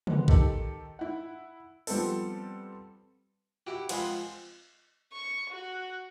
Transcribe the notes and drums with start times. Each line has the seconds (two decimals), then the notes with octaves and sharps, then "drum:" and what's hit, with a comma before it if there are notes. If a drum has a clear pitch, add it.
0.07 G#3 B3, drum: tom
0.28 D#3 G4 A4, drum: kick A1
0.99 E4 F#5
1.87 F3 G3 B3 C4 A4, drum: open hi-hat
3.67 E4 F#4 G4
3.89 F3 G#3 C4 F#5 B5 C6, drum: cymbal
5.13 C#6
5.50 F#4